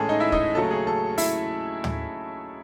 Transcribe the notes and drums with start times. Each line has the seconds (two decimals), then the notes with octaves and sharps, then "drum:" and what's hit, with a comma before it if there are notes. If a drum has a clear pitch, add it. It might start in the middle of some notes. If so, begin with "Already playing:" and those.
Already playing: A2 E3 G#3 C#4 E4 G#4 A4
0.09 D#4 D#5
0.20 E4 E5
0.32 D#4 D#5, drum: kick
0.55 D#2 C#3 F#3 A3 C#4 A4
0.71 G#4
0.87 A4
1.18 E4 E5, drum: open hi-hat
1.84 drum: tom